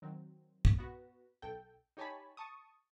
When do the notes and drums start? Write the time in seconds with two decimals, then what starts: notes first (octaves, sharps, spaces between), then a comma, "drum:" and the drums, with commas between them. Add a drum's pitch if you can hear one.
0.02 D#3 F#3 C4
0.65 drum: kick
0.79 B3 F#4
1.42 B1 A4 G5
1.97 D#4 G4 C#5 G#5 A5 B5
2.37 A5 C#6 D#6